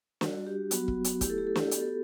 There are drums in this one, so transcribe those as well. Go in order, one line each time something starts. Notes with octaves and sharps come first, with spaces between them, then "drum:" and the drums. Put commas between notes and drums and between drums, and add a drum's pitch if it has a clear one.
G3 D4 F#4, drum: snare
G4
F#3 B3 F#4, drum: hi-hat
drum: kick
drum: hi-hat
A3 E4 G4, drum: kick, hi-hat
A4
G4
A4
G4, drum: snare
A4
B3 F#4 G4, drum: hi-hat
A4